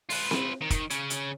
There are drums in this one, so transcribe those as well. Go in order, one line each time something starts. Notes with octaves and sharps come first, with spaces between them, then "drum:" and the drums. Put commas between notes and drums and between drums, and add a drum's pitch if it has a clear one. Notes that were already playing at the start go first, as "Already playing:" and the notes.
F4 B4, drum: open hi-hat
drum: snare C4
D#3
drum: kick, hi-hat
C#3 C#4, drum: hi-hat
drum: hi-hat